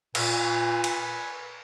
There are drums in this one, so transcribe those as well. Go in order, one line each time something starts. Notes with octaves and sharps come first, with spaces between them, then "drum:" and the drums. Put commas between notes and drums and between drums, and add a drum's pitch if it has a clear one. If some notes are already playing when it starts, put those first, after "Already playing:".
A#2 B4 G#5, drum: cymbal
drum: cymbal